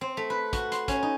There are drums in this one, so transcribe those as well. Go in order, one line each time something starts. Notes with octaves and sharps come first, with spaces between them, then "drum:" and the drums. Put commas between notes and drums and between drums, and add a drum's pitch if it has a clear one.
C4
A3
B4
F#4, drum: kick, hi-hat
C6, drum: hi-hat
C#4, drum: kick, hi-hat
D#4